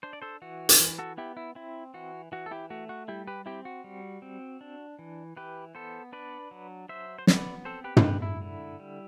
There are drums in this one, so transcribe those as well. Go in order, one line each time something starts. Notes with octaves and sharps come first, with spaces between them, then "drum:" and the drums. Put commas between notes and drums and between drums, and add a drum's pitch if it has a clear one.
D4 C5
D5
A4 C5
E3 F#4
drum: hi-hat
E3
F#4 A4
B3 E4 G4
E4
C4 E4
E3 F#4
E3 F#4
A4
E4 G4
A3 F#4
F#4
G3 E4 G4
G4 B4
C4 E4 G4
F#4
G3
C4
D4
E3
E3 G4 B4
B3 A4 C5
D4 B4 D5
F#3
F#3 C5 E5
C5
B3 B4 D5, drum: snare
C4 A4 C5
G4 B4
C5, drum: tom
D3 G4 B4
E4
D3
G3